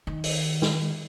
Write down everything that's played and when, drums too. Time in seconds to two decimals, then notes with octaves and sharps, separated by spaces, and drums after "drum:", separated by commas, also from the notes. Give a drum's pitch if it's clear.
0.07 D#3
0.24 drum: open hi-hat
0.62 drum: snare